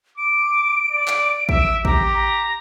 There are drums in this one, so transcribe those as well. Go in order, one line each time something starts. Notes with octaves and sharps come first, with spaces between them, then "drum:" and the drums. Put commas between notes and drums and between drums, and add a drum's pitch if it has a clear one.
D6 D7
D5
drum: clap
E5, drum: kick
G4 A#5, drum: kick
A#5